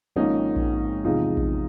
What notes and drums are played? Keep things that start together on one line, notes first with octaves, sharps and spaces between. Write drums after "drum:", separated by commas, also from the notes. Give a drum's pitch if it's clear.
G#1 G#2 F3 A#3 C#4 D#4
drum: kick A#1
E2 C3 F3 G#3 D#4 F4
drum: kick A#1